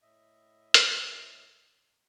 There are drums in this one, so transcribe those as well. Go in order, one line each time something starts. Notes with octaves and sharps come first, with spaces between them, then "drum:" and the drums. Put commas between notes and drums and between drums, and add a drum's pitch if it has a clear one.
A2 D#5 E5
drum: hi-hat